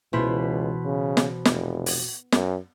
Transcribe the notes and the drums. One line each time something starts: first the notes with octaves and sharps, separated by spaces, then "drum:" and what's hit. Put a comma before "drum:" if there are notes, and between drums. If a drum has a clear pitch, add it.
C#2 B2 E3 C5 B5
C#3
drum: snare
F1, drum: snare
drum: open hi-hat
F#2, drum: snare